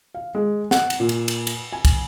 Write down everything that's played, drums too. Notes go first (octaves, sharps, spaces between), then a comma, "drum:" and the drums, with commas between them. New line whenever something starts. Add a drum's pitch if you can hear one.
F5
G#3
F#5, drum: snare
drum: cymbal
A#2
drum: cymbal
drum: cymbal
drum: cymbal
G#5
drum: kick, cymbal